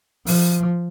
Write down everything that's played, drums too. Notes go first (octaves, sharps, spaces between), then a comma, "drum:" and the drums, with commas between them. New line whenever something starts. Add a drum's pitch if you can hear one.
F3, drum: open hi-hat